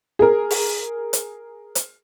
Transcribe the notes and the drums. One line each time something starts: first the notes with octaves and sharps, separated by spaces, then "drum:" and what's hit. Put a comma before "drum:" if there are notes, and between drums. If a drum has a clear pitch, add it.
G#4 A#4
drum: open hi-hat
drum: hi-hat
drum: hi-hat